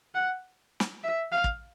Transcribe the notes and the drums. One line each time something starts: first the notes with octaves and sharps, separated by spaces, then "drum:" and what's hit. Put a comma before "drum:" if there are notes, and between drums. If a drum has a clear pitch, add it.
F#5
drum: snare
E5
F5
drum: kick